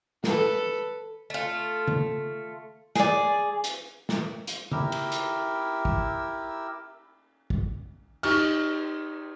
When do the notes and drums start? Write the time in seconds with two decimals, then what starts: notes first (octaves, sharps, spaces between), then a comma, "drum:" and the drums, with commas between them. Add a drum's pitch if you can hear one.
0.24 A4 B4, drum: snare
1.30 A3 F4
1.88 drum: tom C#3
2.95 G#4 D5, drum: snare
3.64 drum: hi-hat
4.09 drum: snare
4.47 drum: hi-hat
4.72 E4 G4 A#4 E6, drum: tom C#3
4.92 drum: cymbal
5.12 drum: hi-hat
5.85 drum: kick
7.50 drum: kick
8.23 D#4 G4 C#6 F6, drum: cymbal